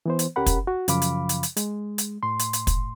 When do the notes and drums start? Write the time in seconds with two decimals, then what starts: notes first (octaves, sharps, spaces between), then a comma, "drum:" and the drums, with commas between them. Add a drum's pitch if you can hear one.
0.06 E3 B3 C5
0.19 drum: hi-hat
0.36 C#2 C#4 G4 A#4 F#5 B5
0.46 drum: kick, hi-hat
0.67 F#4
0.88 F#2 C#3 F3 F5 B5 D6, drum: hi-hat
1.02 drum: hi-hat
1.29 drum: hi-hat
1.43 drum: hi-hat
1.57 G#3, drum: hi-hat
1.98 drum: hi-hat
2.23 A2 C6
2.39 drum: hi-hat
2.53 drum: hi-hat
2.67 drum: kick, hi-hat